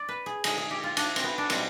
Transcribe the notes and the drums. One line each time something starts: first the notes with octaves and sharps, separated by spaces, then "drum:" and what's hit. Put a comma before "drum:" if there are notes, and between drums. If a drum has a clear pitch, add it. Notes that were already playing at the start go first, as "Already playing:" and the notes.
Already playing: D5
B4
G#4
D3 G#3 G#4, drum: cymbal
G#4
G4
F4
D4, drum: cymbal
C4, drum: cymbal
B3
D4
B2 G3 C4, drum: cymbal